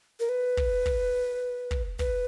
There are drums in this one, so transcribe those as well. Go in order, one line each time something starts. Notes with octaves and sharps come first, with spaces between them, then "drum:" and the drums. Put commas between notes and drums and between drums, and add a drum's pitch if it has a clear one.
A#4
B4
drum: kick
drum: kick
drum: kick
B4, drum: kick